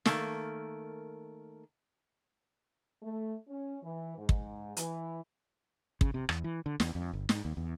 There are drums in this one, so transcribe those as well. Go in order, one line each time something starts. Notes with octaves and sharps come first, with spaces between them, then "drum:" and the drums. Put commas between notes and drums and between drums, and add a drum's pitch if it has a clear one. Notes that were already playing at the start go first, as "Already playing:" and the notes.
D#3 A3 A#3, drum: snare
A3
C#4
E3
G#2
drum: kick
E3, drum: hi-hat
C#3, drum: kick
C3
E2, drum: rim click
E3
D3
E2, drum: snare
F2
G1
G#2, drum: snare
D#2
E2